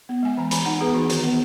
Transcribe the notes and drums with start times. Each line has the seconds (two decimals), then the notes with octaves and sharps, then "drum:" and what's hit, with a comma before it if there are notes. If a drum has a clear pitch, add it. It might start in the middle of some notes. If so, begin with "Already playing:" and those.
0.09 B3
0.23 G#3 G#5
0.37 E3 A#5
0.51 E3 G#5 B5, drum: hi-hat
0.65 D#4 F#5 A#5
0.81 B3 G#4 B4
0.94 E3 D#4 F#4
1.10 D#3, drum: hi-hat
1.24 B3